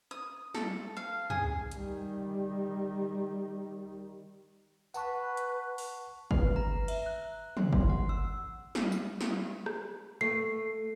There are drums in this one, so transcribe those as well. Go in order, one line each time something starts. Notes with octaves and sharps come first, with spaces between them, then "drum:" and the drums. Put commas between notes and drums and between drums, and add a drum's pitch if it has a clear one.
D#6
A4, drum: snare
F5
G#4, drum: tom
D#3 G3, drum: hi-hat
B4 F#5 A5 C#6, drum: tambourine
drum: hi-hat
drum: open hi-hat
B4, drum: kick G1
A#5
E5, drum: cymbal
F#6
C6, drum: tom
drum: kick G1
F#5
E6
drum: snare
drum: tambourine
drum: snare
drum: rim click
A3 C7